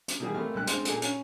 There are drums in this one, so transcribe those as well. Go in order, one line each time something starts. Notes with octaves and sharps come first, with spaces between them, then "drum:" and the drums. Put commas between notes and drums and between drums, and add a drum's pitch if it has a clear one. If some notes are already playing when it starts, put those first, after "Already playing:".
drum: hi-hat
B2 D#3 E3 G3 G#4
G#1 A3 A#3 F6
B1 G2 F#6
G#3 C4 D4 C5, drum: hi-hat
A#2 G#4 A4, drum: hi-hat
C#4, drum: hi-hat